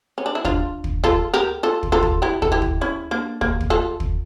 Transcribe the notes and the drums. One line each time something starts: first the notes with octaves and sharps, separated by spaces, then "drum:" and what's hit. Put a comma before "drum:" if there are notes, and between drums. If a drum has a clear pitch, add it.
C#4
D4
E4
D4 F4, drum: kick
drum: kick
F4 A4, drum: kick
G4 A#4
F4 A4
drum: kick
F4 A4
drum: kick
E4 G4
A4, drum: kick
E4 G4
drum: kick
C#4 E4
A#3 D4
A#3, drum: kick
drum: kick
F4 A4
drum: kick